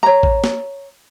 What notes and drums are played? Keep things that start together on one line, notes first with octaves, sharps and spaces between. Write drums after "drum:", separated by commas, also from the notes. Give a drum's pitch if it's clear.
C#5 A#5
drum: kick A1
drum: snare